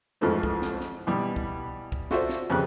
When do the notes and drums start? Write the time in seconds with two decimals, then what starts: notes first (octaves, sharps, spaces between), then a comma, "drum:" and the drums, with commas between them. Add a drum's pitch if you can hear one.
0.21 F2 G#2 E3 F3 A3 C4
0.43 drum: kick
0.62 drum: snare
0.81 drum: snare
1.07 B2 E3 G3
1.36 drum: kick
1.92 drum: kick
2.11 F4 F#4 A4 C5 D5 E5, drum: snare
2.29 drum: snare
2.50 F2 C#3 B3 G4 F#6